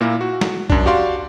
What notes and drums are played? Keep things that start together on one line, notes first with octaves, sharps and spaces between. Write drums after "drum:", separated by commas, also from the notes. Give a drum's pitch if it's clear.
A#2 A#3 E4 A#4
F#4
drum: snare
F#2 D4, drum: kick B1
F#4 G4 D5 F5 C6